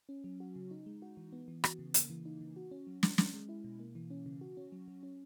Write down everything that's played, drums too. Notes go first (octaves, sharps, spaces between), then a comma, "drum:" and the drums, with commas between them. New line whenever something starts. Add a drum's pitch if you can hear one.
C#4
F#3
F#4
C#3
D#4
G#3
F#4
E3
B3
E3
F#4, drum: rim click
C#3
A#3, drum: hi-hat
E3
D#4
C#3
F#4
C#4
F#3
F#3, drum: snare
C#4, drum: snare
G#3
E4
B2
A#3
E3
C#4
C#3
F#4
C#4
F#3
F#3
C#4